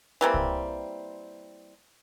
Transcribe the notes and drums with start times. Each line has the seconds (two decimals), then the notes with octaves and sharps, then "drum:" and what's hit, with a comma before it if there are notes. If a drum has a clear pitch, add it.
0.21 E3 G3 A#3 C4
0.34 drum: kick C2